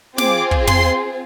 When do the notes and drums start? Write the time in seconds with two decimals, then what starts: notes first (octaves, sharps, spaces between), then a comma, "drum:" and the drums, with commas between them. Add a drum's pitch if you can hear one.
0.18 C4 F4 G#4 D6, drum: snare
0.51 drum: kick
0.67 C6, drum: tom